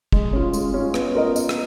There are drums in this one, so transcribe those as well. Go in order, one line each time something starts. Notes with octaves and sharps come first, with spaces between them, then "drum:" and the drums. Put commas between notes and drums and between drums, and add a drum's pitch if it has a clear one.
G#3, drum: kick
C#4 F4
G#3, drum: tambourine
C#4 F4
B3, drum: rim click
F4 A#4 D#5
B3, drum: tambourine
drum: rim click